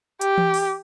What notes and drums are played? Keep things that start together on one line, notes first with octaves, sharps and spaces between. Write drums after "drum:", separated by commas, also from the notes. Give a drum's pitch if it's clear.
G4, drum: hi-hat
drum: tom E3
drum: open hi-hat